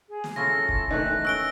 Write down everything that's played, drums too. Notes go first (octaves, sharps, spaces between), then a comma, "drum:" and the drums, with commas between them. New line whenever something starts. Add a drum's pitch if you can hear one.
G#4
drum: snare
C#4 E4 F4 A4 A#6
drum: kick
D#3 E3 A3 D#4 F#6
C#4 E6 D7 G7